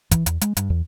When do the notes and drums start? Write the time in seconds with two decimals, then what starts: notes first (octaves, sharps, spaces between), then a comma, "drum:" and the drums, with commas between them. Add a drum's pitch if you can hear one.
0.11 E3, drum: kick, hi-hat
0.26 E2, drum: hi-hat
0.41 G#3, drum: hi-hat
0.57 G2, drum: hi-hat
0.70 E2